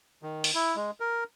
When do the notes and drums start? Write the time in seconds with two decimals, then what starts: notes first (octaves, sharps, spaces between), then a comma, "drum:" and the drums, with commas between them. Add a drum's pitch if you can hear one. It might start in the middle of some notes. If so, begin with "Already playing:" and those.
0.23 D#3
0.44 drum: open hi-hat
0.55 E4
0.76 G#3
1.00 A#4